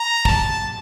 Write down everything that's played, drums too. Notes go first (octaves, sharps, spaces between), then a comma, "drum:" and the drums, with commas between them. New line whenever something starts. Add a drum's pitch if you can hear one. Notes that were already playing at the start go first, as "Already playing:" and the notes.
Already playing: A#5
A5, drum: kick